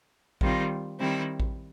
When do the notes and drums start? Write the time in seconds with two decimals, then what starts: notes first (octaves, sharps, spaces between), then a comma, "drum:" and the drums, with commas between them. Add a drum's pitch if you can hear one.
0.41 D#3 G3 C4 F4, drum: kick A1
1.00 D#3 G3 C4 E4
1.40 drum: kick A1